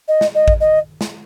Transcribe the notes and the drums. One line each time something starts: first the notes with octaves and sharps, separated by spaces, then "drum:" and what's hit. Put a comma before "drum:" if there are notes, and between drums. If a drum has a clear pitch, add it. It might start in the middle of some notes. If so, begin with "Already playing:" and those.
D#5
drum: snare
D#5
drum: kick A1
D#5
drum: snare